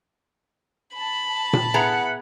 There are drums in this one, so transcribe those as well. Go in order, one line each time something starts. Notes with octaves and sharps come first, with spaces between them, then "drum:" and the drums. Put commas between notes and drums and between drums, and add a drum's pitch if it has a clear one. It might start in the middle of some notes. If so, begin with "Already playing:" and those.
A5 B5
A5
drum: tom A#2
B3 E4 G#4 B4 F#5 A#5